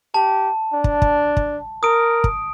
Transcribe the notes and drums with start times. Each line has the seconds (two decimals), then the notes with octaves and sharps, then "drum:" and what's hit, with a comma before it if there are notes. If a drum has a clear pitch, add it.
0.14 G4 A5
0.73 D4
0.84 drum: kick
1.02 drum: kick
1.37 drum: kick
1.83 A#4 D#6 D7
2.24 drum: kick